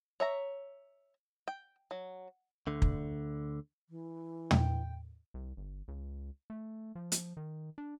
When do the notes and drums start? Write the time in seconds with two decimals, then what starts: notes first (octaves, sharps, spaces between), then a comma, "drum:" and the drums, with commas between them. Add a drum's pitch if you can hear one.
0.20 C#5 E5 A#5
1.48 G5
1.91 F#3
2.67 D2 D3
2.82 drum: kick
3.89 E3
4.51 G5, drum: tom
5.34 C2
5.57 G1
5.88 C#2
6.50 A3
6.95 F3
7.12 drum: hi-hat
7.37 D#3
7.78 D4